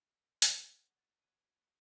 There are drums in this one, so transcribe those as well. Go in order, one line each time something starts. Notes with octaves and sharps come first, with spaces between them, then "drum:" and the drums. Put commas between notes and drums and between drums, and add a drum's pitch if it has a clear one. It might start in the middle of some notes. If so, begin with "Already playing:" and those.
drum: hi-hat
F#3 B3 F#5
A6
F#3 B3 D#7